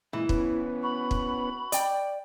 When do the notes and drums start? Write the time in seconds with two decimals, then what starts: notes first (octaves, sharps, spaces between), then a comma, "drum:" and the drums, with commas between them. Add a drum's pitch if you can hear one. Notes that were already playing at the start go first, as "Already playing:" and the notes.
0.13 A#2 E3 G#3 E4
0.29 B3 C#4 B4, drum: kick
0.83 F#4 B5
1.11 drum: kick
1.72 D5 G5, drum: hi-hat